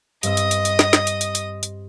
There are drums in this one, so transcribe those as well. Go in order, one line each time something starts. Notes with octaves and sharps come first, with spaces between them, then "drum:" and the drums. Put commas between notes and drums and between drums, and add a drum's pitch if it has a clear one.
G2 C4 D#5 D#6 E6, drum: hi-hat
drum: hi-hat
drum: hi-hat
drum: hi-hat
drum: snare
drum: snare
drum: hi-hat
drum: hi-hat
drum: hi-hat
drum: hi-hat